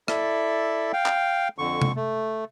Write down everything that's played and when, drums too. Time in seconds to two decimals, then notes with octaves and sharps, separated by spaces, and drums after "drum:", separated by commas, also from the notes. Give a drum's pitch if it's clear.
0.08 E4 A4 D5 E5, drum: rim click
0.93 F5 G5
1.06 drum: clap
1.58 F2 D3 C#6
1.82 drum: tom C3
1.96 A3